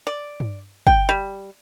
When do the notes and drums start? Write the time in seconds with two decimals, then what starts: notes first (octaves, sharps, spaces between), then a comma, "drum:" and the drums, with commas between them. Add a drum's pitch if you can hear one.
0.07 D5
0.40 drum: tom G2
0.87 G5, drum: kick
1.09 G3